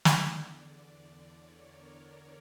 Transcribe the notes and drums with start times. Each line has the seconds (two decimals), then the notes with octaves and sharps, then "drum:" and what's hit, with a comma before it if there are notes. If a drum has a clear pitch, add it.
0.05 drum: snare
0.22 E2 D3 D5
1.36 C#5
1.65 A#4
1.94 C#5